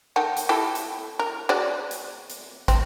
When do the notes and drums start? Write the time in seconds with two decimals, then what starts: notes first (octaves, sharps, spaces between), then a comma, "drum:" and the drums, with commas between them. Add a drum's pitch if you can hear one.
0.16 D#3 A4 F#5
0.37 drum: hi-hat
0.49 E4 G4 A4
0.75 drum: hi-hat
1.19 A#4
1.49 G#3 F#4 D5
1.91 drum: hi-hat
2.30 drum: hi-hat
2.68 C4, drum: kick, hi-hat